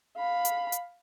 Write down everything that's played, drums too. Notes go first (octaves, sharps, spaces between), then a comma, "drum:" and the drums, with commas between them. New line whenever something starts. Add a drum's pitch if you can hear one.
F5 B5
drum: hi-hat
drum: hi-hat